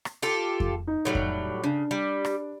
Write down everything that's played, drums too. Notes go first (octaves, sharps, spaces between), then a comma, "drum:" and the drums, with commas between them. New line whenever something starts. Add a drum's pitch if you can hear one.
drum: rim click
F4 G4 A4
drum: kick F2
D#4
A2 F#3 G3
drum: kick F2
C#3 D4
G3
drum: rim click